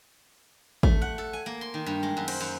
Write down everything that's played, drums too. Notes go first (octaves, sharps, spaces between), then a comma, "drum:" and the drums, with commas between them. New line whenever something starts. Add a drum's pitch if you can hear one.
A3, drum: kick G#1
F#5
A4
G#5
A#3
C6
D#3
G2
G#3
F#2
C5, drum: cymbal
F#2